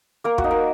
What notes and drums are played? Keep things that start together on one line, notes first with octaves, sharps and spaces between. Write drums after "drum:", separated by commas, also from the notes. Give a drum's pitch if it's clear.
A#3 A#4
F#4, drum: kick
D#4
A#4